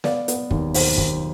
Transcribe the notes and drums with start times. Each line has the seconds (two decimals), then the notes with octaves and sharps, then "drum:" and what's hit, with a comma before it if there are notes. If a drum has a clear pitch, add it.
0.04 B3 D5 F5, drum: snare
0.28 B3, drum: hi-hat
0.51 D#2, drum: kick
0.74 D#2 C5, drum: open hi-hat
0.98 D#2, drum: kick